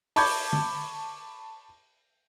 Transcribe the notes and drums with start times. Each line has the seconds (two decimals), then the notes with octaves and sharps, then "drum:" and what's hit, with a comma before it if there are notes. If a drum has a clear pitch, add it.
0.16 A5 B5 C#6 D6 G6 G#6, drum: open hi-hat
0.53 drum: tom